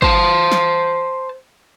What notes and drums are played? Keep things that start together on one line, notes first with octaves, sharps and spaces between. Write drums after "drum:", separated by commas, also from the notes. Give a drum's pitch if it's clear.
C5 A5, drum: kick
drum: snare